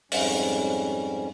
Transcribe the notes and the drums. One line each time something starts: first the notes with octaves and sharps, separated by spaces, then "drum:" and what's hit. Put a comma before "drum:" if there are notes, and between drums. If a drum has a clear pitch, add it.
F2 G#2 G3 C#4, drum: open hi-hat